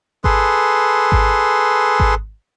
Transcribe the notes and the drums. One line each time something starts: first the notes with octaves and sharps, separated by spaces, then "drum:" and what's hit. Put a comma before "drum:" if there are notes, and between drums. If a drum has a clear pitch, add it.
G#4 A4 B4 C6, drum: kick G#1
drum: kick G#1
drum: kick G#1